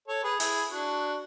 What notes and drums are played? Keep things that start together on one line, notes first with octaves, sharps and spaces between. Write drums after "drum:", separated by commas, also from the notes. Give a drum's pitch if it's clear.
A4 C#5
G#4 B4
E4 G#4, drum: open hi-hat
D4 F#4